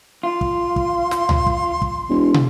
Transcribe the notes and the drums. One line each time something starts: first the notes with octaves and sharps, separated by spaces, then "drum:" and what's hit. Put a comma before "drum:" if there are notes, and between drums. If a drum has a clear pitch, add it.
F4 C6
drum: kick
drum: kick
drum: snare
drum: tom C#2
drum: kick
drum: kick
E1
drum: tom